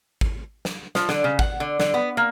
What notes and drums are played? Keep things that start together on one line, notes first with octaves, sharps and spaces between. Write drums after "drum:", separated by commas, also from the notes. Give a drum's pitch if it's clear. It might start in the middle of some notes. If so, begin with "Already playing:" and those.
drum: kick
drum: snare
F3, drum: snare
D3, drum: snare
C#3
F#5, drum: kick
D3
D3, drum: snare
B3
A#3